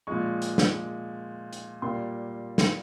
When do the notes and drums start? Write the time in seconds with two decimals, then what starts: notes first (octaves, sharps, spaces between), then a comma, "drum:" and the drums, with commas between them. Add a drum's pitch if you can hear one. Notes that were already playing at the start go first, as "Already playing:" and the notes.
0.07 A#2 F3 G#3 C#6
0.42 drum: hi-hat
0.58 drum: snare
1.53 drum: hi-hat
1.82 A#2 G3 A#3 C6
2.58 drum: snare